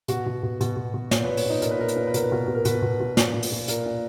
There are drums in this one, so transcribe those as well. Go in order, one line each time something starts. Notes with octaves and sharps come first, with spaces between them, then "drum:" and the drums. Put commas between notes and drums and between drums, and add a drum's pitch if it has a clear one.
B2 F#4, drum: hi-hat
B2
B2
B2, drum: hi-hat
B2
B2
A#2 C#5, drum: snare
A#2 B4
C#5, drum: open hi-hat
A#2 D#4
A#2 A#4, drum: hi-hat
B4
A#2 A#4
B4, drum: hi-hat
A#2 A#4
B4
B2 A#4, drum: hi-hat
B4
B2 A#4
B2
A#4
B2 B4, drum: hi-hat
B2
B2
A#2, drum: snare
A#2
drum: open hi-hat
A#2
A#2 A#4, drum: hi-hat
A#2